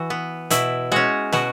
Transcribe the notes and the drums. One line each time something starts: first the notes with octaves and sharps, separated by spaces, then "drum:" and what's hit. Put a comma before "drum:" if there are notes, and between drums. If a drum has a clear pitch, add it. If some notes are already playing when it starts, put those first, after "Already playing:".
Already playing: E3 F#4
B3
B2 E4, drum: hi-hat
G#3 C#4 F#4
B2 F#4, drum: snare